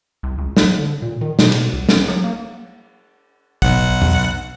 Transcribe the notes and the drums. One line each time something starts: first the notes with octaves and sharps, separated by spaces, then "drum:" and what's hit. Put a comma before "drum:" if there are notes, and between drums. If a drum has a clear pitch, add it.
C2
C#2
F#3, drum: snare
D3
A#2
D#3
B2, drum: snare
drum: cymbal
C2
C#4, drum: snare
F#3, drum: rim click
A#3
B1 F#5, drum: kick
drum: tom E2